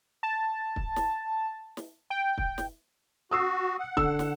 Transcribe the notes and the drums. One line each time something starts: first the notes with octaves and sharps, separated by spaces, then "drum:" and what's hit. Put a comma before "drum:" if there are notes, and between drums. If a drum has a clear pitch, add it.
A5
drum: kick
drum: snare
drum: snare
G5
drum: kick
drum: snare
F#4 D#6 E6 C7
F#5
D3 E6, drum: kick
drum: snare